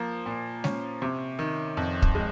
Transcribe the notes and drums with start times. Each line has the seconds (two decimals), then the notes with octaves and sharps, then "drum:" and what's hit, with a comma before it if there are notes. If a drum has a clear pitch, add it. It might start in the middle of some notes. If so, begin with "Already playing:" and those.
Already playing: F3 A#3
0.26 A#2
0.64 C#4, drum: snare
1.02 C3
1.39 D#3
1.77 F2
2.02 drum: kick
2.15 G#3